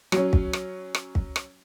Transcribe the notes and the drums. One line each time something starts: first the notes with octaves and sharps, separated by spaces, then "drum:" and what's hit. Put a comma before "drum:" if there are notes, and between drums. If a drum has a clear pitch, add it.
F#3 C#4, drum: rim click
drum: kick
drum: rim click
drum: rim click
drum: kick
drum: rim click